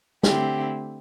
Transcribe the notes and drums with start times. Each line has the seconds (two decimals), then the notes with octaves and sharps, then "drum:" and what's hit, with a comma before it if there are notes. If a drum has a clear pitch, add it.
0.23 D3 A3 C4 E4 G4, drum: snare